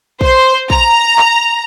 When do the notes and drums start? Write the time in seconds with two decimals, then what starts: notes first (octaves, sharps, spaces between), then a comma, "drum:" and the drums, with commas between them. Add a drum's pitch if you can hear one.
0.21 C5, drum: kick A#1
0.70 A#5, drum: kick A#1
1.18 drum: clap